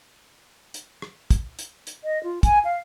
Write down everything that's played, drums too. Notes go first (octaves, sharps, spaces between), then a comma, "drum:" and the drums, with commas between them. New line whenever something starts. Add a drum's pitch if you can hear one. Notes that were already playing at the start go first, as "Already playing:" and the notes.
drum: hi-hat
drum: rim click
drum: kick, hi-hat
drum: hi-hat
drum: hi-hat
D#5
F4
G#5, drum: kick, hi-hat
F5